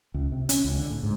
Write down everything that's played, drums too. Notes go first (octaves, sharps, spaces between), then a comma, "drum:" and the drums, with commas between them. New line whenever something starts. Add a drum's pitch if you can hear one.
C#2
C3
C#4, drum: hi-hat
C#2
D3
A2
G#2